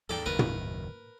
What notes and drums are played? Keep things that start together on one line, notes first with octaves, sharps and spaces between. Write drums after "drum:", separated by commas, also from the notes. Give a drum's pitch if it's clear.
D#2 G#2 A4 D5 G5
F#1 D#2 D#3 A#4 B4
drum: tom